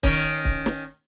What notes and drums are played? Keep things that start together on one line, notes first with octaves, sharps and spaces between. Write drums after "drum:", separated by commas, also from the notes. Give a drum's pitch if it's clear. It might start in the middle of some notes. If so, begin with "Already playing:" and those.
D#3 C#4, drum: kick C#1
drum: kick C#1
drum: snare